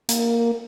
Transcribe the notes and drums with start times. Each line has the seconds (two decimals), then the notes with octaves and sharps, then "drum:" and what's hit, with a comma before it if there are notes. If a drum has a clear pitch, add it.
0.09 A#3, drum: hi-hat